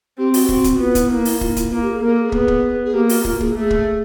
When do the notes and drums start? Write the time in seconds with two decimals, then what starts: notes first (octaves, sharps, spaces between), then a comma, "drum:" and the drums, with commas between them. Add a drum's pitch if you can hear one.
0.18 C4 G4
0.34 F#4, drum: open hi-hat
0.49 C4, drum: kick
0.64 drum: kick, hi-hat
0.79 B3 F4
0.90 F4
0.95 E4, drum: kick, hi-hat
1.10 A#3 E4
1.25 E4, drum: open hi-hat
1.41 F4, drum: kick
1.50 D#4
1.56 E4, drum: kick, hi-hat
1.71 A#3 F4
1.82 G4
1.92 G#4
2.02 A#3 A#4
2.12 A4
2.23 G#4
2.32 B3, drum: kick
2.48 drum: kick
2.85 G#4
2.94 A#3 G4
3.06 G4
3.09 F#4, drum: open hi-hat
3.25 A#3 F4, drum: kick
3.40 G#4, drum: kick
3.56 A3 G#4
3.70 drum: kick